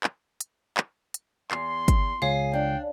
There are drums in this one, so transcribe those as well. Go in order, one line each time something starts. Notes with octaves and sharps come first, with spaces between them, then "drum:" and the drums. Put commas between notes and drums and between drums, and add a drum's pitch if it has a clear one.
drum: clap
drum: hi-hat
drum: clap
drum: hi-hat
E2 C6 C7, drum: clap
drum: kick, hi-hat
C#2 G#4 C#5 F5 C7
D4 G5